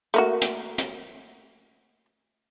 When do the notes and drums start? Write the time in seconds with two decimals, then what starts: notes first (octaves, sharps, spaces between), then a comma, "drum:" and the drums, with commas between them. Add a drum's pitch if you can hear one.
0.14 A3 A#3 F#4
0.42 drum: hi-hat
0.78 drum: hi-hat